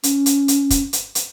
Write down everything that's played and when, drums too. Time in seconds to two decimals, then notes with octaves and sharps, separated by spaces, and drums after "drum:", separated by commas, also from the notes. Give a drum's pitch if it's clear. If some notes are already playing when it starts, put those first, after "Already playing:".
0.03 C#4, drum: hi-hat
0.26 drum: hi-hat
0.48 drum: hi-hat
0.70 drum: kick, hi-hat
0.93 drum: hi-hat
1.15 drum: hi-hat